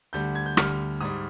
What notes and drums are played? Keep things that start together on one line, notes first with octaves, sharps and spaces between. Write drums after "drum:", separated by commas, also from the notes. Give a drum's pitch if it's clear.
D2 D3 G3 G6
G#6
G6
D2 D3 G3 F6, drum: rim click
G#2 G3 D#6